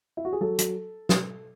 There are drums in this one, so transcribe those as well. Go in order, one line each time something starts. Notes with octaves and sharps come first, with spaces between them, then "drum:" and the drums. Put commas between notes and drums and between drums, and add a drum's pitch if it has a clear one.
E4
F#4
G#4
F#3 A4
F#3, drum: hi-hat
drum: snare